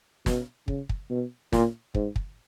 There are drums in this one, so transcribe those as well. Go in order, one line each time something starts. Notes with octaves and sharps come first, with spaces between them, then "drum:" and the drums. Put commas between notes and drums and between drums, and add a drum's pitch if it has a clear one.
B2, drum: snare
C#3, drum: kick
drum: kick
B2
A#2, drum: snare
G#2, drum: kick
drum: kick